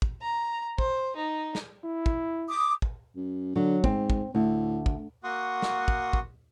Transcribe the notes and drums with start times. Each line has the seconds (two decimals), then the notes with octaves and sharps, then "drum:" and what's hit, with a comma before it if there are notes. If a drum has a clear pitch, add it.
0.02 drum: kick
0.22 A#5
0.78 C5, drum: kick
1.16 D#4
1.55 drum: snare
1.84 E4
2.06 drum: kick
2.49 D6 D#6
2.82 drum: kick
3.16 F#2
3.56 D3 F#3
3.84 G#2 C4, drum: kick
4.10 drum: kick
4.35 D2 A2
4.86 drum: kick
5.24 A#3 F#4 F#5 C6 C#6 D#6
5.62 drum: snare
5.88 drum: kick
6.13 drum: kick